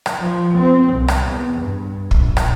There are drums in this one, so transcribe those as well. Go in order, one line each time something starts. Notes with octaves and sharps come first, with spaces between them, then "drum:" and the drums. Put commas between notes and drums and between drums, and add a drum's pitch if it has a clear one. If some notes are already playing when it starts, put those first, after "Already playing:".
drum: rim click
F3
C4
C2
drum: rim click
E2
G2
A#1, drum: kick
drum: rim click